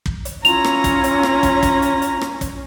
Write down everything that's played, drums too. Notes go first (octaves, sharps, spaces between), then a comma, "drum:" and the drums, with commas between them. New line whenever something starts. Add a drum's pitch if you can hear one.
drum: kick
drum: hi-hat
C#4 E4 F4 C#5 A#5 F7, drum: hi-hat
drum: rim click
drum: kick, hi-hat
drum: hi-hat
drum: rim click
drum: kick, hi-hat
drum: kick, hi-hat
drum: hi-hat
drum: hi-hat
drum: rim click
drum: kick, hi-hat